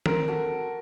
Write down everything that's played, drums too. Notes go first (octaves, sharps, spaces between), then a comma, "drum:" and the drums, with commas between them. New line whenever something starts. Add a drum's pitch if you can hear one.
C4 A#4, drum: tom
F#4 A4